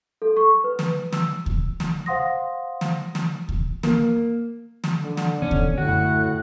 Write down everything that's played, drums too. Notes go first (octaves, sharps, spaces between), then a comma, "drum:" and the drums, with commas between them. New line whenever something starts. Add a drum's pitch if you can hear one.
A4
C#6
B4
drum: snare
E6, drum: snare
drum: kick D2
drum: snare
C5 F5 F#5 C6 D#6 A#6
drum: snare
drum: snare
drum: kick D2
A#3, drum: snare
drum: snare
D3
drum: snare
C#3 E3 B3 C#4
drum: kick D2
F#2 A2 D3 F#4 F#6